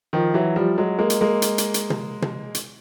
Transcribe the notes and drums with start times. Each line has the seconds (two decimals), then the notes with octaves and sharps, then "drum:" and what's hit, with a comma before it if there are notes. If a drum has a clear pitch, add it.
0.13 D#3 F3
0.34 E3 F#3
0.56 F3 G3
0.78 F#3 G#3
0.99 G#3 A#3
1.10 drum: hi-hat
1.21 G#3 A#3
1.42 drum: hi-hat
1.58 drum: hi-hat
1.74 drum: hi-hat
1.90 drum: tom
2.22 drum: tom
2.55 drum: hi-hat